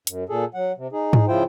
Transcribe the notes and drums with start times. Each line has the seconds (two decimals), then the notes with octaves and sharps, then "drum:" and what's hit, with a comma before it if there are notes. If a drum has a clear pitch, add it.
0.07 F#2, drum: hi-hat
0.29 A#2 G#4 A4
0.54 F#3 F#5
0.77 C3
0.92 D#4 G#4
1.13 drum: tom G#2
1.28 C#3 F3 E4 F4 C5 G5